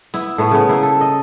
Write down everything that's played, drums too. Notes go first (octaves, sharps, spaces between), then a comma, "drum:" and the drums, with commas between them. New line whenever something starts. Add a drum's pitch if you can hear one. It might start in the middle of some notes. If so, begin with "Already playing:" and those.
B3 E4, drum: hi-hat
A2 A3 B3
C#3 B3
A#3 E4 B4
A4
D#5